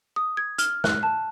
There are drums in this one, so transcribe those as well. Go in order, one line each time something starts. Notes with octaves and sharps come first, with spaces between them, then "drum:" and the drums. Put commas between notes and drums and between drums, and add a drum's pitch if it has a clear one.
D#6
G#6
F6, drum: hi-hat
F#6, drum: snare
A5